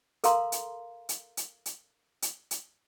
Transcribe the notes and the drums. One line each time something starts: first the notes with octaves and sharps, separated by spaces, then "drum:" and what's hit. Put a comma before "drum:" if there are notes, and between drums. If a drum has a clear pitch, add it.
A4 A#4 F5 A#5 C6, drum: hi-hat
drum: hi-hat
drum: hi-hat
drum: hi-hat
drum: hi-hat
drum: hi-hat
drum: hi-hat